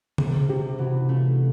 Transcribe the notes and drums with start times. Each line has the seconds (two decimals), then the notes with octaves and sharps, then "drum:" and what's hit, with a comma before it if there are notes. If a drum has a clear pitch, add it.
0.18 C3 G#4, drum: tom C#3
0.49 C3 G4
0.79 E3 F#4
1.09 A3 F4